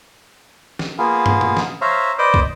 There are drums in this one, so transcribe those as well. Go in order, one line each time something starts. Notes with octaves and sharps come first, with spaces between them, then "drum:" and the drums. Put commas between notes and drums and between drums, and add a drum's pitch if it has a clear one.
drum: snare
A#3 B3 F4 G#4
drum: tom
drum: tom
drum: snare
C5 C#5 E5 F5 A#5
B4 C5 D5 D#5
drum: kick